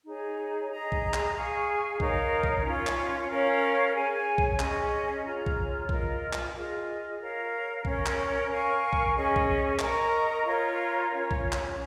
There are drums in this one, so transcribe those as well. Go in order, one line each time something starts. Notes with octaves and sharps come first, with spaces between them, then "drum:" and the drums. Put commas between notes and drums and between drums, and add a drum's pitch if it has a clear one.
D#4 G#4 C#5
G#4 D#5 A#5
drum: kick B1
drum: clap
G#4 F5 G#5 C#6
D#4 A#4 C#5 F5, drum: kick B1
drum: kick B1
C#4 F4 C#5
drum: clap
C#4 A#4 C#5 F5
G#4 C#5 G#5
drum: kick B1
C#4 G#4 D#5, drum: clap
F4 G#4 C#5 A#5
drum: kick B1
F4 A#4 D#5, drum: kick B1
drum: clap
F4 G#4 D#5
A#4 C#5 F5
C#4 A#4 C#5, drum: kick B1
drum: clap
A#4 F5 G#5 C#6
drum: kick B1
C#4 G#4 D#5 C#6
drum: kick B1
A#4 D#5 A#5 C#6, drum: clap
F4 A#4 C#5
C#4 F4 C#5
drum: kick B1
drum: clap